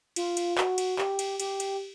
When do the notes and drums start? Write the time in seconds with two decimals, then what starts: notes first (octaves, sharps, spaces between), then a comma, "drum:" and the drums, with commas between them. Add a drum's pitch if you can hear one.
0.16 F4, drum: cymbal
0.37 drum: cymbal
0.58 F#4, drum: clap
0.78 drum: cymbal
0.98 G4, drum: clap
1.19 drum: cymbal
1.40 G4, drum: cymbal
1.60 drum: cymbal